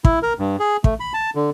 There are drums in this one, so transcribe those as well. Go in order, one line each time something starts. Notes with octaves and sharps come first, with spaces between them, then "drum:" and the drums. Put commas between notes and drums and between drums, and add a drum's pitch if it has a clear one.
E4, drum: kick
A#4
G2
G#4
A3, drum: kick
B5
A5
D3